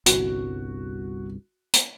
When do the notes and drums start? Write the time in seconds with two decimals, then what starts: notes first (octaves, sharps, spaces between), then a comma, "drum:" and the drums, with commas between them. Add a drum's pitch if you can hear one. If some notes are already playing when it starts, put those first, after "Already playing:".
0.06 G1 C2 F#4, drum: hi-hat
1.73 drum: hi-hat